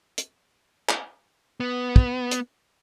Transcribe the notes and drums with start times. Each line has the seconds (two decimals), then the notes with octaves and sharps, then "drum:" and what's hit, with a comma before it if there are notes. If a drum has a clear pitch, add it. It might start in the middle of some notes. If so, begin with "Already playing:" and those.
0.18 drum: hi-hat
0.89 drum: clap
1.60 B3
1.96 drum: kick
2.31 drum: hi-hat